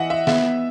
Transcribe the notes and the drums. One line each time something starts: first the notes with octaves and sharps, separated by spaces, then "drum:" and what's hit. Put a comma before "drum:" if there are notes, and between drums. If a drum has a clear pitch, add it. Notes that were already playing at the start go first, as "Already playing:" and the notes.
Already playing: E3 D#5 E5 F#5
E5
B3 E5, drum: snare